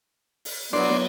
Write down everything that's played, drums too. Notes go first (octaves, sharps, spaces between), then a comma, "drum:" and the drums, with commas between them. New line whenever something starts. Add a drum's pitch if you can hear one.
drum: open hi-hat
F#3 B3 D4 D5 C6, drum: cymbal